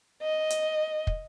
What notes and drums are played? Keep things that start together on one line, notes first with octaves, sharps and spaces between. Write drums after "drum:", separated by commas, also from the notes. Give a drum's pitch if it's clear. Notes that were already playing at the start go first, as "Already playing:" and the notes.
D#5
drum: hi-hat
drum: kick